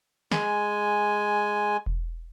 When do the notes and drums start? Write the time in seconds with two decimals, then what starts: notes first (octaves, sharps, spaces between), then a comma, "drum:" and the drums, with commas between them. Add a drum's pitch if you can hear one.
0.32 G#3 G#5, drum: snare
1.86 drum: kick E1